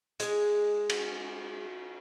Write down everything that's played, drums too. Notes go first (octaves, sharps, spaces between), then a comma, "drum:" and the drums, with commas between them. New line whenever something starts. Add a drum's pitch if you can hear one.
G#3 G#4, drum: hi-hat
drum: cymbal